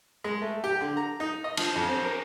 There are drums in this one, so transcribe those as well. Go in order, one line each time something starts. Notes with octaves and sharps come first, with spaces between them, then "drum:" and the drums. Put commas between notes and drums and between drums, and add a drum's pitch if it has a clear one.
G#3
A3
G4
D3
A#5
D#4
D#5
F3, drum: cymbal
F2
C4
A#4